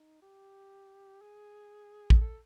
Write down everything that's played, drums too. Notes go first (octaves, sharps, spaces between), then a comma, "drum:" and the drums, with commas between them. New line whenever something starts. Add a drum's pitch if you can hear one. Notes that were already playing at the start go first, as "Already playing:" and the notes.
Already playing: D#4
G4
G#4
drum: kick
A4